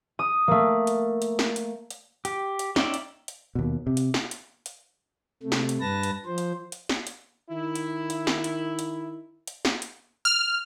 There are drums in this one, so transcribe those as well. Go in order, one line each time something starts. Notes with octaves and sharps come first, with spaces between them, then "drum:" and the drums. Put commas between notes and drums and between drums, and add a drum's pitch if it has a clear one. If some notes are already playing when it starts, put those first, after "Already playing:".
D#6
A3 A#3
drum: hi-hat
drum: hi-hat
drum: snare
drum: hi-hat
drum: hi-hat
G4, drum: hi-hat
drum: hi-hat
C#4 D#4 D5 E5 G5, drum: snare
drum: hi-hat
drum: hi-hat
D#2 B2
C3
drum: hi-hat
drum: snare
drum: hi-hat
drum: hi-hat
C3 A3
drum: snare
drum: hi-hat
G2 B4 A5 A#6
drum: hi-hat
F3 C5
drum: hi-hat
drum: hi-hat
drum: snare
drum: hi-hat
D#3 E4
drum: hi-hat
drum: hi-hat
drum: snare
drum: hi-hat
drum: hi-hat
drum: hi-hat
drum: snare
drum: hi-hat
F6